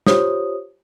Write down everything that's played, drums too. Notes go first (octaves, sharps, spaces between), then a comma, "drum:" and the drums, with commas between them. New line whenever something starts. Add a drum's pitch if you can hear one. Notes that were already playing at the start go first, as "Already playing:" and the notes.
F4 G4 C5 C#5 D#6, drum: snare